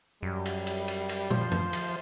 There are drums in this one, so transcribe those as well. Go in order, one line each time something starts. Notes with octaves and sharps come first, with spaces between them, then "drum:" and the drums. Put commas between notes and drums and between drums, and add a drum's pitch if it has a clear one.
F#2 G3
drum: cymbal
drum: cymbal
drum: cymbal
drum: cymbal
F3 C5, drum: tom
drum: tom F#2
drum: cymbal